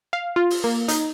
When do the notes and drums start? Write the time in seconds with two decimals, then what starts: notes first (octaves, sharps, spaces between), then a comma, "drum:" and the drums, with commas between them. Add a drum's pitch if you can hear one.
0.13 F5
0.36 F4
0.50 drum: open hi-hat
0.64 A#3
0.88 D#4, drum: hi-hat